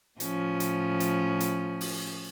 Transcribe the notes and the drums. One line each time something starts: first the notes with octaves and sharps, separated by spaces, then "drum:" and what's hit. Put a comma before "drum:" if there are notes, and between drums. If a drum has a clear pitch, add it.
A2 F3 C#4, drum: hi-hat
drum: hi-hat
drum: hi-hat
drum: hi-hat
drum: open hi-hat